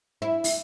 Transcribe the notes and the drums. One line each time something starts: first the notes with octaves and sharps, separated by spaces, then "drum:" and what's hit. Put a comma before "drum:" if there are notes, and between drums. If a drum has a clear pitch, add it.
E4
drum: open hi-hat